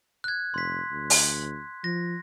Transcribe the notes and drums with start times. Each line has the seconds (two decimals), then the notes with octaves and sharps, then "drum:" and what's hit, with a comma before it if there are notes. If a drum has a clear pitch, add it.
0.24 F#6 G#6
0.54 F1 C6 B6
0.91 D2
1.10 drum: open hi-hat
1.84 F3 A#6